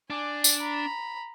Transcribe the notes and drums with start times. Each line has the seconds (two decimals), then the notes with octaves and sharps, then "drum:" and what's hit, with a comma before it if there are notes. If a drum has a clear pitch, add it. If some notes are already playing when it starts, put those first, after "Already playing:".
0.10 D4 G#5
0.44 drum: tambourine
0.59 A#5 B5